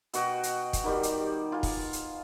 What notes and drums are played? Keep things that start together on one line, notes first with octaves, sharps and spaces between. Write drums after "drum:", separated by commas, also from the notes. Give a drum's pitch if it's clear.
B2 F#4 D#5 G5, drum: hi-hat
drum: hi-hat
drum: kick, hi-hat
D#3 G3 G4
drum: hi-hat
F4 G#5
drum: kick, open hi-hat
drum: hi-hat